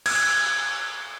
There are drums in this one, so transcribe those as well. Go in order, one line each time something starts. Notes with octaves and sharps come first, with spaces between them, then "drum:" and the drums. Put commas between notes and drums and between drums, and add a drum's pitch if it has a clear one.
G#6, drum: cymbal